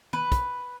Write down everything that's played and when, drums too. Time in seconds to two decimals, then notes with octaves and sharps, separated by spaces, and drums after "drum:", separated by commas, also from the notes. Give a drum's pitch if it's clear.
0.13 B4, drum: tom
0.32 drum: kick, hi-hat